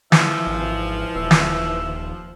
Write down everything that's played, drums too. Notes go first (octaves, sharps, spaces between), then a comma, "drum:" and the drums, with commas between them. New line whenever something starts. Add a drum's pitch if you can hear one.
E3 F3 E5, drum: snare
G#1
D#1 E5
drum: snare